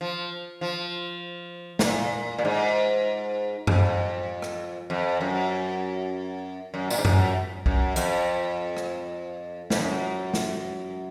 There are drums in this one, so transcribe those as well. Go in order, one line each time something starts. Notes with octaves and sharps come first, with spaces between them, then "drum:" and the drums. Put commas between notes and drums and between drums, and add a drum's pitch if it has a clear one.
F3
F3
G#2, drum: snare
A#2
A#2
G#2
F2, drum: tom F#2
drum: rim click
F2
F#2
F#2
A#2, drum: tambourine
G#2
F#2, drum: tom F#2
F#2, drum: kick
F2, drum: hi-hat
drum: rim click
F2, drum: snare
F#2
drum: snare